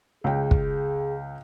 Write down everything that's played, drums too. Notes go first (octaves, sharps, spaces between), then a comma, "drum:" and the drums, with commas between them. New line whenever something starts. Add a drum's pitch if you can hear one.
C#2 G#4 G5
drum: kick